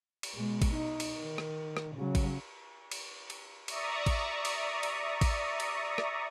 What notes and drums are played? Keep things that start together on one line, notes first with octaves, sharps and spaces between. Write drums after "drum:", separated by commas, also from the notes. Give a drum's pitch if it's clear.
drum: cymbal
B2 G#3
drum: kick A1, cymbal
D#4
drum: cymbal
D#3
drum: rim click
drum: rim click
C#3 F#3
drum: kick A1, cymbal
drum: cymbal
drum: cymbal
D5 E5 A#5 C#6 D#6, drum: cymbal
drum: kick A1, cymbal
drum: cymbal
drum: cymbal
drum: kick A1, cymbal
drum: cymbal
drum: rim click